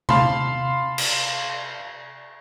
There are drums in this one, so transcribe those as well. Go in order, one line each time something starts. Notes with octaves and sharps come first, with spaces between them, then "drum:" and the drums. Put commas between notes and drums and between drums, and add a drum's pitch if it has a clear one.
F5 A5 B5 C6, drum: tom C3
drum: cymbal